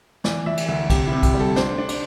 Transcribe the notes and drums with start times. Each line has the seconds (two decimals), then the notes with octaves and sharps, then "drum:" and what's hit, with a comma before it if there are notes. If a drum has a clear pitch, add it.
0.24 E3 D5, drum: snare
0.46 E3 E5
0.57 drum: cymbal
0.68 D2 E5
0.90 C3 G4, drum: kick, cymbal
1.07 C3 E4
1.23 G4, drum: kick, cymbal
1.34 G3
1.40 A4
1.56 D4 C5, drum: snare
1.78 D4
1.89 D5, drum: cymbal